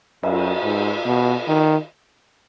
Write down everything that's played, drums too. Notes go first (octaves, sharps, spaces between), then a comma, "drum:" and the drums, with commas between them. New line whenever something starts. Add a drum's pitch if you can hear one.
F#2, drum: cymbal
G#2
B2
D#3